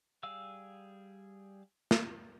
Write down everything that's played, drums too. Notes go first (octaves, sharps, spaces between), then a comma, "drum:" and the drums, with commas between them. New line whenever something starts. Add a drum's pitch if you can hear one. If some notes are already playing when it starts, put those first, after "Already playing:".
G3 G#4 F5 E6
drum: snare